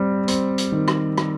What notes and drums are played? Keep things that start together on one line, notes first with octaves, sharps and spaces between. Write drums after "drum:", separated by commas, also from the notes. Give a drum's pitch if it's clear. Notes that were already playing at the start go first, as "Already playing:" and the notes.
Already playing: G3 C4
C4, drum: hi-hat
drum: hi-hat
D#3
drum: rim click
drum: rim click